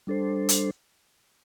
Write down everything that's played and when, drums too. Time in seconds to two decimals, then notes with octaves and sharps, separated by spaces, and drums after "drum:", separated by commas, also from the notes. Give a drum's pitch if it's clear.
0.07 G3 D4 A4 C5
0.49 drum: hi-hat